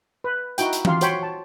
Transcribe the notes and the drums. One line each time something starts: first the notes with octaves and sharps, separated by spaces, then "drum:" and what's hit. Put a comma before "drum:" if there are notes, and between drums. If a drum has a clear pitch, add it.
B4
D#4 E4 F#4 G5, drum: hi-hat
drum: hi-hat
F4 G4 F5 C6, drum: tom E3
F#4 C5 C#5 G5 B5, drum: hi-hat
A5